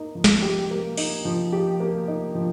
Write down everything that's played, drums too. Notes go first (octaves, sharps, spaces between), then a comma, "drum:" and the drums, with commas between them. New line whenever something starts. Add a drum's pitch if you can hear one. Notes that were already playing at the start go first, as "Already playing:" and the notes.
Already playing: A#3 D#4
F3
drum: snare
G4
A#3
D#4, drum: open hi-hat
F3
G4
A#3
D#4
F3